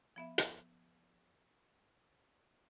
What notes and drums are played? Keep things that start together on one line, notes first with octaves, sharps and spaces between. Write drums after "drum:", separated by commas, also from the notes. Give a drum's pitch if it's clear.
F3 B3 E5
drum: hi-hat